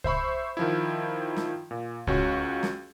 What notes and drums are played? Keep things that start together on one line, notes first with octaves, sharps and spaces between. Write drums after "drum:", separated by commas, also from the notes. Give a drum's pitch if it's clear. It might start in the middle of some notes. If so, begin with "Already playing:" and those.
C5 E5 B5 C#6, drum: kick C2
D#3 F3 E4
drum: snare
A#2
C#2 C#4 F#4, drum: kick C2
drum: snare